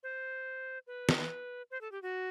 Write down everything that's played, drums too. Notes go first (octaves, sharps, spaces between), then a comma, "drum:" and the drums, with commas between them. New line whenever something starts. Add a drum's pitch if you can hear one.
C5
B4
drum: snare
C5
A4
G4
F#4